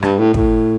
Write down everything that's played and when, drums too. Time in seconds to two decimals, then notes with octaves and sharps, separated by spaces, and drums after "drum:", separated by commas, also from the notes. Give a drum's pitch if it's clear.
0.03 G2, drum: rim click
0.18 A2
0.34 A2, drum: kick